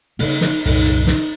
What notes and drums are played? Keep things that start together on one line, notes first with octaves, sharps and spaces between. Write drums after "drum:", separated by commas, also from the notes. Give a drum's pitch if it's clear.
C#3 G3 A#3 D#4, drum: open hi-hat
drum: snare
C2 F#2 A#2, drum: open hi-hat
drum: hi-hat
drum: snare